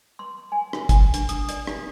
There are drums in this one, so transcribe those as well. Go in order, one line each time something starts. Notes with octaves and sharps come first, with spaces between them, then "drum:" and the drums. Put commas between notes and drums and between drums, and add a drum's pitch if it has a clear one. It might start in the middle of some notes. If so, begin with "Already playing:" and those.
C6
G#5
drum: rim click
G#5, drum: kick, hi-hat
D4, drum: hi-hat
D#6, drum: hi-hat
D5, drum: hi-hat
drum: rim click